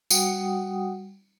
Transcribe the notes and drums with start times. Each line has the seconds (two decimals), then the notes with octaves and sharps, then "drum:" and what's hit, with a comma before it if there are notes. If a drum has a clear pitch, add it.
0.10 G3 F#4 F#5 G5 D#6, drum: tambourine